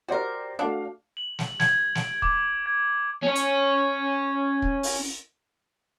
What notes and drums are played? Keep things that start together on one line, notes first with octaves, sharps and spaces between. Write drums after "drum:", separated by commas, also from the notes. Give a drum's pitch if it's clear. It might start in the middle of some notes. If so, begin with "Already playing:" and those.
F#4 G4 A#4 C5 D5
A3 D4 F#4 F5
F#7
drum: snare
G#6, drum: snare
D7, drum: snare
D6, drum: kick
G#6
C#4 C#5
drum: hi-hat
drum: kick
drum: open hi-hat